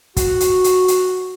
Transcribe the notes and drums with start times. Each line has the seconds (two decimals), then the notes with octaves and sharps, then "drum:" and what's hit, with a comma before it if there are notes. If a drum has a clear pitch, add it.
0.17 F#4, drum: kick, hi-hat
0.40 drum: hi-hat
0.64 drum: hi-hat
0.88 drum: hi-hat